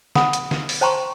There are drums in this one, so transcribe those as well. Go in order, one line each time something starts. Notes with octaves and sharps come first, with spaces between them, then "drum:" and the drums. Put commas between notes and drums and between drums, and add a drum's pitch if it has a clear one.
F#5 B5 D#6, drum: snare
drum: hi-hat
drum: snare
drum: open hi-hat
C5 G5 A5 A#5 C6 C#6